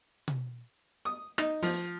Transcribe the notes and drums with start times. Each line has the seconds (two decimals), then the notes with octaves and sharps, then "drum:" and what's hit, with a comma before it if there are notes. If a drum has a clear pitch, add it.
0.28 drum: tom B2
1.05 D#6
1.38 D#4, drum: rim click
1.63 F3, drum: open hi-hat